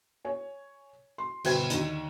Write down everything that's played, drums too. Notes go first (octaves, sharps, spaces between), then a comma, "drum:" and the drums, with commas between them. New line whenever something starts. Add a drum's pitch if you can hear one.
C#5 G#5
C6
G1 B2 B4 C5 G5 G#6, drum: cymbal
D#2 D3 D#4, drum: hi-hat